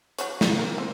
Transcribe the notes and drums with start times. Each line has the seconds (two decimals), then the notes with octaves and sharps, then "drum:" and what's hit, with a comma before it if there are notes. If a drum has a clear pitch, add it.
0.18 F#3 C5 C#5, drum: hi-hat
0.41 drum: snare
0.59 C4 A#4
0.78 C4 C5